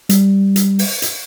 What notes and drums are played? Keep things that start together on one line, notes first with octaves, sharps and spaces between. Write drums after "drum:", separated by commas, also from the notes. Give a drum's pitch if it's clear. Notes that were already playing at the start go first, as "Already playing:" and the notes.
G3, drum: hi-hat
drum: hi-hat
drum: open hi-hat
drum: hi-hat